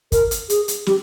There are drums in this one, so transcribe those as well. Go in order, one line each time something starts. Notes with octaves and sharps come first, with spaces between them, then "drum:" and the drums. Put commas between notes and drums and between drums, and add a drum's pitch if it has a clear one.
A#4, drum: kick, hi-hat
drum: hi-hat
G#4, drum: hi-hat
drum: hi-hat
G4, drum: snare